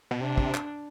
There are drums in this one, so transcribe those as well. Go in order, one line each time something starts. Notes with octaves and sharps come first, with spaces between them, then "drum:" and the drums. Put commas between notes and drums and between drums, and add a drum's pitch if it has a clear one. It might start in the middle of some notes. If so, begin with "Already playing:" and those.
B2
C3 D4
drum: kick
drum: clap